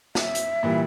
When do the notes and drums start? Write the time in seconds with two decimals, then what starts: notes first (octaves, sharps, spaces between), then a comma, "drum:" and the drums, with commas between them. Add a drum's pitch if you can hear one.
0.15 E5, drum: snare
0.35 drum: hi-hat
0.63 A#2 E3 G3